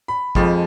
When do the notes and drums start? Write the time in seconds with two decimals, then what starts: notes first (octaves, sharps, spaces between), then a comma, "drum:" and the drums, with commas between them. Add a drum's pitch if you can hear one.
0.08 B5
0.35 F2 F3 G#3, drum: kick